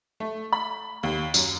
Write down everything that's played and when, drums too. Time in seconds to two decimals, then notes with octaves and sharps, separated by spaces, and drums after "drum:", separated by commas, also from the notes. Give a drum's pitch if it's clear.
0.20 A3
0.53 B5
1.03 D#2
1.34 F#2, drum: tambourine